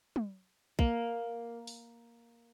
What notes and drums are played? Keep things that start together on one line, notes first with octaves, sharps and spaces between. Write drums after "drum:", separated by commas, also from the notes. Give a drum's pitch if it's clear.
drum: tom
A#3, drum: kick
drum: open hi-hat